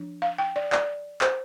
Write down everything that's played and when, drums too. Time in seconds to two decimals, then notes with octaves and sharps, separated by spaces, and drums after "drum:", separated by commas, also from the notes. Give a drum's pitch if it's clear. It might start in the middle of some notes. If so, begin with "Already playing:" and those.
Already playing: F3 D4
0.22 F5
0.38 G5
0.56 D5
0.72 D5, drum: clap
1.21 C5, drum: clap